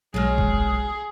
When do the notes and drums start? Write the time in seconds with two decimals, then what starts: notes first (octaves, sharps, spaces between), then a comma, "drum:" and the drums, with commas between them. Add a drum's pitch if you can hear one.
0.14 B1 F#3 G#3 G#4 F6
0.38 drum: kick F1